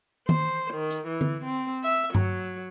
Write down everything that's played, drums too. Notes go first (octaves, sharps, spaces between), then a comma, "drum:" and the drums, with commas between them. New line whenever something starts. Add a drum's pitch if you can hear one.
C5, drum: tom D#3
D#3
drum: hi-hat
E3
drum: tom D3
C4
E5
F#3, drum: tom G2